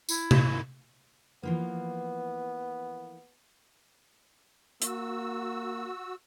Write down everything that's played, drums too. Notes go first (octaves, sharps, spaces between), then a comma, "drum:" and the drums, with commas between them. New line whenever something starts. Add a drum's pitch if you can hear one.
E4, drum: tambourine
drum: tom C3
E3 F3 A#3 B3
A#3 F#4 E6, drum: hi-hat